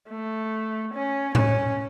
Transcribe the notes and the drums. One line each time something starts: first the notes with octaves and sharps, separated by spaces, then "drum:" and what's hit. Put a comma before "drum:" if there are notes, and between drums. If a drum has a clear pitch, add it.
A3
C#4
C#4, drum: tom A2